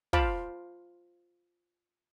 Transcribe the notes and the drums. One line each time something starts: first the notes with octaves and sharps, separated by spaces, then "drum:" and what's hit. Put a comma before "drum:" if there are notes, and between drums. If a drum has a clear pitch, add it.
F4 C5 F5 A5 B5 D6, drum: kick